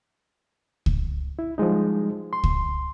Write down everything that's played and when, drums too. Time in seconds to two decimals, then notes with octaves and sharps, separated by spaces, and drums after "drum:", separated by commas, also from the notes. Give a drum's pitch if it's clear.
0.86 drum: kick C#2
1.39 E4
1.58 F3 G3 G#3 D#4
2.33 C6
2.44 drum: kick C#2